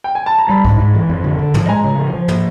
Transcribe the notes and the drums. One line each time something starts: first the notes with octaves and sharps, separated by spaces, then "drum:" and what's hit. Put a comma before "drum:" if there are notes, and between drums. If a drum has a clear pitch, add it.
G5
G#5
A5
A#5
G3 A5 B5
G#2, drum: kick C2
G#2
E3
F2
D3
D3
F3, drum: tom
G#3 G#5 A#5
C#3
F3
F3
A#3, drum: tom